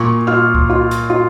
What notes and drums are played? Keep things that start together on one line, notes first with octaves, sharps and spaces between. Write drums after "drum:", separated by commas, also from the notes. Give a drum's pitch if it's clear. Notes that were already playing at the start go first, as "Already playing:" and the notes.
Already playing: A#2 C#6
F4 F6
drum: kick C2
F4
drum: hi-hat
F4